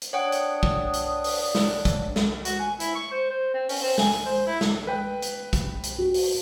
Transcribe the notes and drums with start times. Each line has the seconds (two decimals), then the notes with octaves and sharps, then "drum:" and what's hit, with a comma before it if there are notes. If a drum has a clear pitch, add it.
0.02 drum: hi-hat
0.13 D4 C#5 F#5 G5 D#6
0.32 drum: hi-hat
0.63 drum: kick
0.93 drum: hi-hat
1.24 drum: open hi-hat
1.55 drum: snare
1.85 drum: kick, hi-hat
2.16 drum: snare
2.45 F#4, drum: hi-hat
2.59 G#5
2.80 E4, drum: hi-hat
2.95 C#6
3.11 C5
3.30 C5
3.54 C4
3.69 C#4, drum: open hi-hat
3.81 C4
3.98 G#5, drum: snare
4.26 C5
4.47 E4
4.61 drum: snare
4.87 B4 G5
5.22 drum: hi-hat
5.53 drum: kick, hi-hat
5.83 drum: hi-hat
5.98 F#4
6.14 drum: open hi-hat